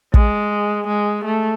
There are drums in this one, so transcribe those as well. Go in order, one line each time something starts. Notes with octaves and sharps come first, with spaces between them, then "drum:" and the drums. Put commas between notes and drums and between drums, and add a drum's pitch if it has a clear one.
G#3, drum: kick
G#3
A3